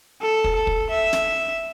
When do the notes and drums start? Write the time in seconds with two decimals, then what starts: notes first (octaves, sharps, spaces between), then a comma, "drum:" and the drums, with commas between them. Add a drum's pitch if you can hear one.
0.22 A4
0.44 drum: kick
0.56 A4
0.67 drum: kick
0.90 E5
1.13 drum: snare